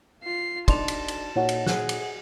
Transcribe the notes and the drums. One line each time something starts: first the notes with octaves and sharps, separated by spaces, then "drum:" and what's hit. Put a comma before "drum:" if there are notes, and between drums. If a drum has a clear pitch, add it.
F4 C7
D4 D#4 D5 A5 C6 F7, drum: kick, cymbal
drum: cymbal
drum: cymbal
A#2 D#4 E4 F#4 C#5 F#5
drum: cymbal
G#4 F#5 F#6, drum: snare
drum: cymbal